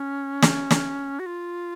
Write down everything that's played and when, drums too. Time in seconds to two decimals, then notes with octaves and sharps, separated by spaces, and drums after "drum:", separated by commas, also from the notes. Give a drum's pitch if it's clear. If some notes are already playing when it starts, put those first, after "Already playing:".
Already playing: C#4
0.42 drum: snare
0.70 drum: snare
1.19 F#4
1.26 F4